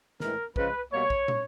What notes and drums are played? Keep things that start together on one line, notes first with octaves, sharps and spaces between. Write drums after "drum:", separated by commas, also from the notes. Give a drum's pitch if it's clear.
A2 E3 G#3 A#4, drum: snare
C#3 F3 G#3 B4, drum: kick
B2 G3 A#3 C#5
drum: kick
drum: tom